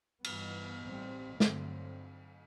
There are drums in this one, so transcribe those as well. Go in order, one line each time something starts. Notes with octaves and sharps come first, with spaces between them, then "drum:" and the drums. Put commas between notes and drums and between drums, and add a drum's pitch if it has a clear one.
G2 E3 B3, drum: cymbal
A1 A2 G3 C4
G2 D3 F#3 A3 C4, drum: snare